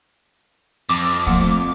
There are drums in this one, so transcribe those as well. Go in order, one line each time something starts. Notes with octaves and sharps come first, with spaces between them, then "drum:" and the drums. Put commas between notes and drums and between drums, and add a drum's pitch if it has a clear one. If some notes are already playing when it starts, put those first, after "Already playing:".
F2 D6
F3 A#3 F#5, drum: kick
A3